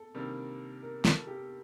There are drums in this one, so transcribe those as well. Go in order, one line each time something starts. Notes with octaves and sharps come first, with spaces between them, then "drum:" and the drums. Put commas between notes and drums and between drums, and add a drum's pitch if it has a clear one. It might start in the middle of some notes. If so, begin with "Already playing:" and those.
Already playing: A4
C3 D#3 G3 A#3 D4
A#4
A4, drum: snare
G4